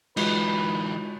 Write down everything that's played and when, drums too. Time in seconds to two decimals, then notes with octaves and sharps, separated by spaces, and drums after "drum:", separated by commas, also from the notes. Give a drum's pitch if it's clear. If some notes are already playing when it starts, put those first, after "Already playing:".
0.17 E3 G#3 D#4 F4 F#4 B4, drum: cymbal